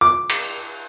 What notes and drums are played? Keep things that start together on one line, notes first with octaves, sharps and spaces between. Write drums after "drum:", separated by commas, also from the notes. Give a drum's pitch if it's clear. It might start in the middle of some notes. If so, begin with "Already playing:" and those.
D6
drum: cymbal